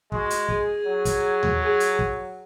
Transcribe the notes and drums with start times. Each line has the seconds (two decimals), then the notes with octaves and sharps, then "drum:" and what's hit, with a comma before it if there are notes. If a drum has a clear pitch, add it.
0.12 G#3 F#4, drum: kick
0.30 drum: hi-hat
0.49 G#4, drum: kick
0.86 F#3
1.05 drum: kick, hi-hat
1.43 drum: tom D#2
1.61 G#4
1.80 drum: hi-hat
1.99 drum: kick